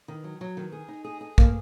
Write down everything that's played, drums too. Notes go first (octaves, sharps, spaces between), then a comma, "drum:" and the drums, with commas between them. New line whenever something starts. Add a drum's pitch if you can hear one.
D#3
F#3
F#3
D#3
G#4
D#4
G#4
G#4
A#3, drum: kick